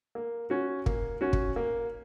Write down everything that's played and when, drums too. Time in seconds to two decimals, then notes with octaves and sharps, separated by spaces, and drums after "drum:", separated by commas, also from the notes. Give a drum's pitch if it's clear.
0.15 A#3
0.50 C#4 F#4
0.86 A#3, drum: kick
1.21 C#4 F#4
1.33 drum: kick
1.56 A#3